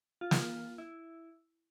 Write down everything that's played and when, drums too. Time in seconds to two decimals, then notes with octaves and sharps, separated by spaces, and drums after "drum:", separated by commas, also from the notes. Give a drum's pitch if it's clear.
0.21 F4
0.31 drum: snare
0.78 E4